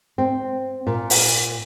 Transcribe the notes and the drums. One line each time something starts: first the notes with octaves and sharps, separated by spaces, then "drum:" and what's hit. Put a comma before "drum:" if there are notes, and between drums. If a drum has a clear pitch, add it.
C4
A#2
drum: open hi-hat